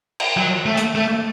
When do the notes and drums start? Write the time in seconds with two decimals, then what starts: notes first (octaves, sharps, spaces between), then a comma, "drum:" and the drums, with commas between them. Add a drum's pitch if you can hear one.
0.20 drum: cymbal
0.37 F#3
0.66 A3
0.77 drum: hi-hat
0.95 A3